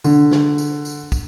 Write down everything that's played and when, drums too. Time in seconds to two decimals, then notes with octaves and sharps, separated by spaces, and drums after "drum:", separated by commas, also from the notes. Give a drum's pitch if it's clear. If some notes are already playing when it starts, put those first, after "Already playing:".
0.04 D3, drum: tambourine
0.31 drum: snare
0.58 drum: tambourine
0.85 drum: tambourine
1.12 drum: kick, tambourine